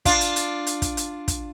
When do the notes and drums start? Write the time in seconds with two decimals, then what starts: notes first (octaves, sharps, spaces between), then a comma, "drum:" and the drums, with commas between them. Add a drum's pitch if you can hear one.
0.05 D4 F4, drum: kick, hi-hat
0.21 drum: hi-hat
0.36 drum: hi-hat
0.67 drum: hi-hat
0.82 drum: kick, hi-hat
0.97 drum: hi-hat
1.28 drum: kick, hi-hat